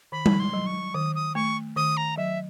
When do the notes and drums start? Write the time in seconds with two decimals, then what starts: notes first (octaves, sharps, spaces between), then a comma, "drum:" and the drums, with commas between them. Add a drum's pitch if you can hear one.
0.12 D#3 B5
0.26 drum: tom G3
0.40 C6
0.53 F#3
0.66 C#6
0.94 D#3 D#6
1.15 D#6
1.35 A3 C#6
1.76 D#3 D#6
1.97 A#5
2.17 F#3 E5